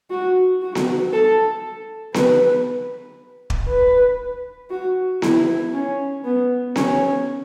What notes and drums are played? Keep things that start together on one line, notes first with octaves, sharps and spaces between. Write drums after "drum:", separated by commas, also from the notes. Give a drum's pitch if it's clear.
F#4
F#4
drum: snare B3
A4
B4, drum: snare B3
drum: kick
B4
F#4
E4, drum: snare B3
C#4
B3
C#4, drum: snare B3